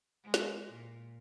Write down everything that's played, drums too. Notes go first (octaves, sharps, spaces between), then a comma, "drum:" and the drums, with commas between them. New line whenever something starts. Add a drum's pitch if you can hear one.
G#3
drum: snare
A#2